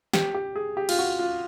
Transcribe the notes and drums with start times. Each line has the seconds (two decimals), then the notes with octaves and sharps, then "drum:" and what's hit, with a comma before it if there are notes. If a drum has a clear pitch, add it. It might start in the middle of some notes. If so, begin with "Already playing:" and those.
0.13 G4, drum: snare
0.35 G4
0.56 G#4
0.77 G4
0.89 F4, drum: cymbal
0.99 F#4
1.19 F4